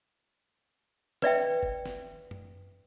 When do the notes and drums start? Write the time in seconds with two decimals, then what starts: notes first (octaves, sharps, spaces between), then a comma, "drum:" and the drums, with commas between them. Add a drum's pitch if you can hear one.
1.22 B4 D5 E5 G5, drum: snare
1.63 drum: kick
1.86 drum: snare
2.31 drum: tom